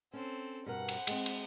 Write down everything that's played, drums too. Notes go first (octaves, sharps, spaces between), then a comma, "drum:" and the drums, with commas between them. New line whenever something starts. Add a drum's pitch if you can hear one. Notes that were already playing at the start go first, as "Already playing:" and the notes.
C4 C#4 A4
G2 B2 A#4 F#5
drum: cymbal
G#3 C4, drum: cymbal
drum: cymbal